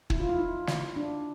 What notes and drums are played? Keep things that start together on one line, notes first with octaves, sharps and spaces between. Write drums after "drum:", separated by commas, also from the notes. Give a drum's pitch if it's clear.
E4, drum: kick
F4
E4
D#4
drum: snare
D4